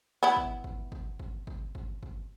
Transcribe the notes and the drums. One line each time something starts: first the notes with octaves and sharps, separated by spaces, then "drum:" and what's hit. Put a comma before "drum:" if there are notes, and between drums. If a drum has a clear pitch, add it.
B3 E4
drum: kick
drum: kick
drum: kick
drum: kick
drum: kick
drum: kick
drum: kick